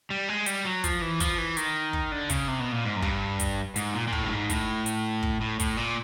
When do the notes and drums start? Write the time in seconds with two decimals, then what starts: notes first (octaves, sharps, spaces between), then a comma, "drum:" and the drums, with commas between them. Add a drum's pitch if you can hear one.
0.10 G3
0.29 G#3
0.46 G3, drum: hi-hat
0.65 F#3
0.84 F3, drum: kick, hi-hat
1.02 E3
1.20 F3, drum: kick, hi-hat
1.38 E3
1.57 D#3, drum: hi-hat
1.93 drum: kick
2.12 D3
2.30 C#3, drum: kick, hi-hat
2.48 C3
2.60 B2
2.72 A#2
2.85 G#2
2.96 F#2
3.02 G2, drum: kick
3.40 drum: kick, hi-hat
3.76 G#2, drum: hi-hat
3.94 A#2
4.08 A#2
4.13 A2, drum: kick
4.23 G2
4.31 G#2
4.50 A2, drum: kick, hi-hat
4.86 drum: hi-hat
5.23 drum: kick
5.41 A2
5.60 A2, drum: kick, hi-hat
5.77 A#2